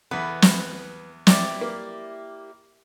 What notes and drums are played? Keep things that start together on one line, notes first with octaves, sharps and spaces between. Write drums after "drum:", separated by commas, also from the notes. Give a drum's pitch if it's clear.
E2 B3 B4
drum: snare
E4 G4 D5, drum: snare
A#3